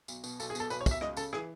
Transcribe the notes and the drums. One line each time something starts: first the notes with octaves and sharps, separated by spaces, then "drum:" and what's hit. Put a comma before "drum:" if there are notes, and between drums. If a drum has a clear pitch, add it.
B1, drum: tambourine
B2, drum: tambourine
B1 A4, drum: tambourine
G#4
B2 A4, drum: tambourine
B1 B4, drum: tambourine
C#5
B1 E5, drum: kick, tambourine
C#2 D#5, drum: rim click
C#3 A4, drum: tambourine
E3 G#4, drum: rim click